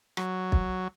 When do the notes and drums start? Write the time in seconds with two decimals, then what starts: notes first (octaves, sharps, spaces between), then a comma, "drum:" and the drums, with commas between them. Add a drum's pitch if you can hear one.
0.17 F#3, drum: rim click
0.52 drum: kick